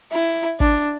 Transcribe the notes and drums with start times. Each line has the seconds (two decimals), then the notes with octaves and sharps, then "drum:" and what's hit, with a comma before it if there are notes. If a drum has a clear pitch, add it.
0.12 E4
0.60 D4, drum: kick